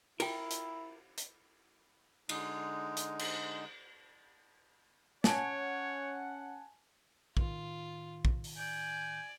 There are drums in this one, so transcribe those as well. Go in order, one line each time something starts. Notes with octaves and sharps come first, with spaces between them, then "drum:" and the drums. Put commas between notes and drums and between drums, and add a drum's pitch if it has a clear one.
E4 F4 A#4 G5, drum: cymbal
drum: hi-hat
drum: hi-hat
D3 G#3 D#4, drum: cymbal
drum: hi-hat
drum: cymbal
C#4 C#5 F#5 G#5 A5 D7, drum: snare
A2 D#3 F4, drum: kick
drum: kick
drum: open hi-hat
D5 G#5 G6